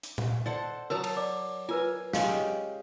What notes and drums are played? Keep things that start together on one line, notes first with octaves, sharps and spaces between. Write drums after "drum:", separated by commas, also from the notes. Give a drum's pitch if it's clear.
drum: hi-hat
drum: tom A#2
A4 C5 D5 F#5
F#3 A#4 C#5 A5 A#5 D#6
drum: cymbal
D5 D6
F4 A#4 B4 G#5
G#3 C#4 G4 F5, drum: snare